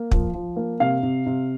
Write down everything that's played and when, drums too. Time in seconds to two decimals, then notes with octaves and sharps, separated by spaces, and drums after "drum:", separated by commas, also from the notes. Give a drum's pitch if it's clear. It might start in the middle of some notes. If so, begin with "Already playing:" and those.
Already playing: A#3
0.11 F3, drum: kick
0.34 F3
0.56 A#3
0.80 C3 F5
1.03 C3
1.26 C3